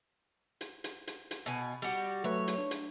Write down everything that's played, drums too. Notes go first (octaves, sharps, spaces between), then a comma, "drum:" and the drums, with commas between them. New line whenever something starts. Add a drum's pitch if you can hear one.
drum: hi-hat
drum: hi-hat
drum: hi-hat
drum: hi-hat
B2 G#5
G3 F#4 G4
F#3 A3 B4 C#5
drum: hi-hat
D4
drum: hi-hat